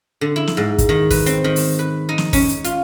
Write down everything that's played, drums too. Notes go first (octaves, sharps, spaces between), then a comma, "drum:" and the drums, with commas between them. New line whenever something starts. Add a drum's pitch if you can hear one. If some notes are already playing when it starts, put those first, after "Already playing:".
D3
E4
drum: snare
G#2
drum: kick, hi-hat
D#3
B4, drum: kick, open hi-hat
C4, drum: hi-hat
D#3
drum: open hi-hat
B4
D#4
drum: snare
C#4, drum: kick, open hi-hat
drum: hi-hat
F4, drum: hi-hat